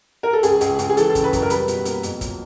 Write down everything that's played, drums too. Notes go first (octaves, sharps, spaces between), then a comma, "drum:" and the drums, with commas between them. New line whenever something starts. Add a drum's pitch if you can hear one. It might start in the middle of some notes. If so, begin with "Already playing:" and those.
A#4
A4
C#2 G#4, drum: hi-hat
C#2, drum: hi-hat
C#2, drum: hi-hat
G#4
E3 A4, drum: hi-hat
A4
C#3, drum: kick, hi-hat
B4
F#2, drum: kick, hi-hat
A#4
G3 B4, drum: hi-hat
B2, drum: hi-hat
A#3, drum: hi-hat
F2, drum: hi-hat
F#3, drum: kick, hi-hat